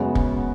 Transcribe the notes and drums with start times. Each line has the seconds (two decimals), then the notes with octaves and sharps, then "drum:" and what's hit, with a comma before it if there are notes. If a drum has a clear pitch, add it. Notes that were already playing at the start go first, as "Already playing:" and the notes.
Already playing: F#2 C#3 G#3 B3 F#4
0.15 drum: kick